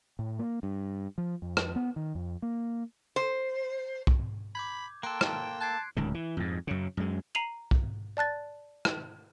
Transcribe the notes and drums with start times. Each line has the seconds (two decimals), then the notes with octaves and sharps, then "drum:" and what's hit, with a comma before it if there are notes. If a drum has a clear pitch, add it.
0.19 A2
0.39 A#3
0.63 G2
1.18 F3
1.42 F2
1.57 drum: rim click
1.76 B3
1.96 D#3
2.15 F2
2.42 A#3
3.16 C5
4.07 drum: kick
4.55 B5 D6 G6 G#6
5.03 A#3 A4 G5 C6 F#6 D7
5.21 drum: rim click
5.61 A5 F#6 G#6 C7
5.97 D1 C#2 D#3
6.14 E3
6.37 F2 G#2
6.67 F#2 C#3
6.97 F#2 G#3
7.35 A#5 C7 D#7 F7 F#7
7.71 drum: kick
8.17 D5 A5 F#6 A6
8.85 drum: rim click